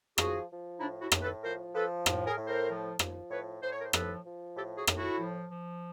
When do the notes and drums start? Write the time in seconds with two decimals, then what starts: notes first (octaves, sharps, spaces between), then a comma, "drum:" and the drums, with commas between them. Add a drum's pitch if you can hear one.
0.18 F3 F#4 G#4, drum: rim click
0.49 F3
0.77 D#4
0.80 A2 D4 E4
1.01 E4 F#4
1.12 A2, drum: rim click
1.22 A4 B4
1.43 F3 A#4 C5
1.74 F3 A4 B4
2.06 A2, drum: rim click
2.27 G#4 A#4
2.38 A2
2.47 A#4 C5
2.69 F3
2.99 F3, drum: rim click
3.31 A2 B4 C#5
3.63 A2 C5
3.72 C#5
3.81 A#4 C5
3.93 F3 A4 B4, drum: rim click
4.25 F3
4.57 A2 G4 A4
4.77 F#4 G#4
4.87 A2, drum: rim click
4.98 E4 F#4
5.19 F3
5.50 F3